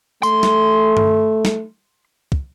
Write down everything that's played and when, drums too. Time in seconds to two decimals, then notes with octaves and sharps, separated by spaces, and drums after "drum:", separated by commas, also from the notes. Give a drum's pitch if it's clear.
0.23 A3 C6, drum: tambourine
0.43 drum: snare
0.97 drum: tom G2
1.45 drum: snare
2.32 drum: kick